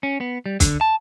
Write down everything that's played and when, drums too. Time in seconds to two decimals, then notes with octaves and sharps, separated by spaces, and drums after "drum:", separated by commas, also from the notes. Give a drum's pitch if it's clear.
0.03 C#4
0.21 B3
0.46 G3
0.60 D3, drum: kick, hi-hat
0.81 A5